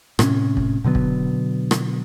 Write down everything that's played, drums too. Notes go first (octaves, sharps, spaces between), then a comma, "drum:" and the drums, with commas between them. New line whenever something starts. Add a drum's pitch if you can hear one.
A2 C3 C#4, drum: rim click
drum: kick
B2 D3 F#3 B3
drum: kick
drum: rim click